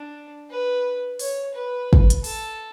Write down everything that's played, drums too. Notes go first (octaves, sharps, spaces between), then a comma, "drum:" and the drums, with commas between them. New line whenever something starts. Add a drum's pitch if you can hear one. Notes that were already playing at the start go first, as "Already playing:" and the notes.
Already playing: D4
B4
C#5, drum: open hi-hat
B4
drum: kick
drum: hi-hat
A4, drum: open hi-hat